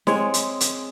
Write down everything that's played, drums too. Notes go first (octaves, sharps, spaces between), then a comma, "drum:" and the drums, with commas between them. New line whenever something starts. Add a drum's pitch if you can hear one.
G#3 C4 C#5, drum: snare
drum: hi-hat
drum: hi-hat